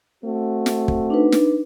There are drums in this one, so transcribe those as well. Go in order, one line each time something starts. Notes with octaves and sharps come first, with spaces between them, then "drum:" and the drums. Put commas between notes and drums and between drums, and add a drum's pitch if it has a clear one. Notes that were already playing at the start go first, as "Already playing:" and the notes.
A3 C4 F#4
drum: snare
drum: kick
D4 D#4 B4
drum: snare